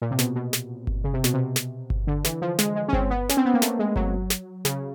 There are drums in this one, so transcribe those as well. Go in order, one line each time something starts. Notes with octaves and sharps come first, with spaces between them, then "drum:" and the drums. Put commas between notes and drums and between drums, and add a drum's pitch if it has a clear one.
A#2
C3
B2, drum: snare
B2
drum: snare
drum: kick G1
C#3
C3
B2, drum: snare
C3
drum: snare
drum: kick G1
D3
E3, drum: snare
F3
G#3, drum: snare
G#3
C#4
C4, drum: kick G1
B3
C#4, drum: snare
C4
B3
A#3
A3, drum: snare
G#3
F#3, drum: kick G1
drum: snare
C#3, drum: snare